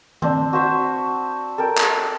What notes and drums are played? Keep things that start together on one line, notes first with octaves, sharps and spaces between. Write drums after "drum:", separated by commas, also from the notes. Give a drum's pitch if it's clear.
C4 D4, drum: tom D#3
F#4 C5 E5
A4 A#4 G5
drum: clap